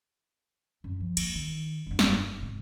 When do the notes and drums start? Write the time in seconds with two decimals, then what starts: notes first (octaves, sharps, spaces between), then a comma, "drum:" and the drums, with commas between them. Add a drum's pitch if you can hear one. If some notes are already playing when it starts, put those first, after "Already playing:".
0.84 F#2
1.00 F3
1.17 A#3, drum: cymbal
1.35 D#3
1.86 F1 G2
1.99 drum: snare
2.40 G#2 C3